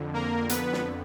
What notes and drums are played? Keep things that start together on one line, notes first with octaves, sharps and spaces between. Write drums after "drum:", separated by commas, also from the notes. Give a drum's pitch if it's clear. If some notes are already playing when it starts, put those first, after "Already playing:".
Already playing: F2 D3
A#3 A#4
B3 B4, drum: hi-hat
drum: snare